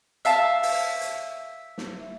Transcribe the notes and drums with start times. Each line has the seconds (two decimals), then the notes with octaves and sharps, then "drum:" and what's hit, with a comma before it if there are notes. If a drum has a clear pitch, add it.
0.25 E5 F5 A5, drum: hi-hat
0.63 drum: open hi-hat
1.01 drum: hi-hat
1.78 drum: snare